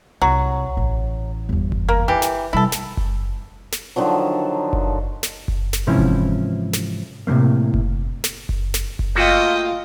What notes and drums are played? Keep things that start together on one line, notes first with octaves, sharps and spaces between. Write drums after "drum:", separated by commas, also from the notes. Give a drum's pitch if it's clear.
C2 F#3
A1
G1 E2
drum: kick F#1
A#3
E3 G4
drum: snare
C3 G3 E4 A4
drum: snare
drum: kick F#1
drum: snare
D3 D#3 F3 F#3
drum: kick F#1
drum: snare
drum: kick F#1
drum: snare
G#2 C3 E3 F3 C#4 E4
drum: kick F#1
drum: snare
A2 C3 F3 A3 A#3
drum: kick F#1
drum: snare
drum: kick F#1
drum: snare
drum: kick F#1
A3 A#3 F4 F#4 D#5 G5